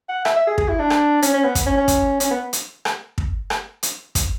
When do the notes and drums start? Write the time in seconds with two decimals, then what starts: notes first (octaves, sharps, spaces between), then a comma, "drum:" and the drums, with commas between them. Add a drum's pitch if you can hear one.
0.09 F#5
0.25 E5, drum: rim click
0.36 E5
0.47 G#4
0.58 G#4, drum: kick
0.69 E4
0.79 D4
0.90 drum: rim click
1.22 C#4, drum: hi-hat
1.34 C#4
1.44 B3
1.55 drum: kick, hi-hat
1.66 C#4
1.77 C#4
1.88 drum: kick, hi-hat
2.20 C#4, drum: hi-hat
2.31 B3
2.53 drum: hi-hat
2.85 drum: rim click
3.18 drum: kick
3.50 drum: rim click
3.83 drum: hi-hat
4.15 drum: kick, hi-hat